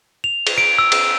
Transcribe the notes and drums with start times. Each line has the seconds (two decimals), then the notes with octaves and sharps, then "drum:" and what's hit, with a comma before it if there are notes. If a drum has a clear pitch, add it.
0.24 F7
0.47 drum: cymbal
0.58 D7
0.78 E6
0.92 drum: cymbal